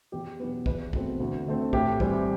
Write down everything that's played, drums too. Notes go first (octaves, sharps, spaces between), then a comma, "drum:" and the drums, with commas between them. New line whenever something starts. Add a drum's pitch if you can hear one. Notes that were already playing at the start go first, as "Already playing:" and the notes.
E2 G4
B2 F#3 B3 B4
E2 B4, drum: kick
B2 A3 C4, drum: kick
D2
D3 A3 C4
A2 G4, drum: kick
E3 G3 C4, drum: kick